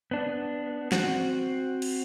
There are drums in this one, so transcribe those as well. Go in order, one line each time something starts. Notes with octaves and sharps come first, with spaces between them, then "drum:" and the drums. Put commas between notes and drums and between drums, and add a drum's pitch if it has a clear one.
B3 D4
C4 F#4, drum: snare
drum: cymbal